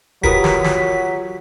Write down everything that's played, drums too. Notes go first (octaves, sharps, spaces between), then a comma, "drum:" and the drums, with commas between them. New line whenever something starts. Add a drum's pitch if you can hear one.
F#3 F4 G4 A#4 B4 D#6 B6, drum: kick
drum: snare
drum: snare